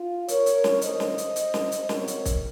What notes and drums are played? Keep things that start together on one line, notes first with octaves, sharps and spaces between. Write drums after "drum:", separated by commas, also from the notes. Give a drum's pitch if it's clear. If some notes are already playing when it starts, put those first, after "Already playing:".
Already playing: F4
A#4 C#5, drum: hi-hat
drum: hi-hat
drum: snare
F2 D#3 A3 C5 D#5, drum: hi-hat
drum: snare
drum: hi-hat
drum: hi-hat
drum: snare
drum: hi-hat
F2 C3 F#3 C4 A#4 C#5, drum: snare
drum: hi-hat
drum: kick, hi-hat